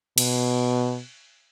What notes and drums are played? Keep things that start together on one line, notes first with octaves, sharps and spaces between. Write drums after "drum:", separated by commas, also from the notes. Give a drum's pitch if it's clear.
B2, drum: cymbal